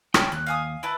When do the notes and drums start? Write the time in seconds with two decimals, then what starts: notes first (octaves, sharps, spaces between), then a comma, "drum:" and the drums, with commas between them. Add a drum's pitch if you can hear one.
0.14 C#4 A4 C#5 D5 G5, drum: rim click
0.32 D#2 F#6
0.46 F5 G#5 D#6
0.83 E4 B4 A5